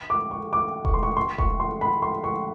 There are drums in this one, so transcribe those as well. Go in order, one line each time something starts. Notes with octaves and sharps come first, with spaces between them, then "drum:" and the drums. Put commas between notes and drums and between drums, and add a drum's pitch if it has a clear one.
D6
C#6
D6
C#6, drum: kick E1
C6
C#6
C6
C#6, drum: kick E1
C6
B5
C6
C#6